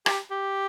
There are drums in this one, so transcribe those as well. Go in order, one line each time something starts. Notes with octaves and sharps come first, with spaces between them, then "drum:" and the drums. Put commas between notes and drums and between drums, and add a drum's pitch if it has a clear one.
G4, drum: rim click
G4